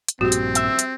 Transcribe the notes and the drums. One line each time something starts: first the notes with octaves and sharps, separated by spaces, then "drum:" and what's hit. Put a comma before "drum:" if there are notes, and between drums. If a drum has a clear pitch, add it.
drum: hi-hat
A#1 G2 A#2 C4 F#4 G4
drum: hi-hat
E5, drum: hi-hat
drum: hi-hat